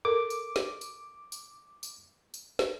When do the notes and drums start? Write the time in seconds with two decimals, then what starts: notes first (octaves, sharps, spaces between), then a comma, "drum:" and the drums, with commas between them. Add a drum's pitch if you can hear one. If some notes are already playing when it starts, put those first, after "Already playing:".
0.05 A4 A#4 D6
0.30 drum: tambourine
0.56 drum: snare
0.81 drum: tambourine
1.32 drum: tambourine
1.83 drum: tambourine
2.34 drum: tambourine
2.59 drum: snare